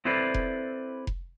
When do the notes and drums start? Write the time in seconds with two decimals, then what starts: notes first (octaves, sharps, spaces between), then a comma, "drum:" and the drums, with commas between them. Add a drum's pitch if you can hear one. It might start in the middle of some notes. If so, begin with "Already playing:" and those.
0.05 C4 E4 A4 B4 C5 D5
0.34 drum: kick F1
1.07 drum: kick F1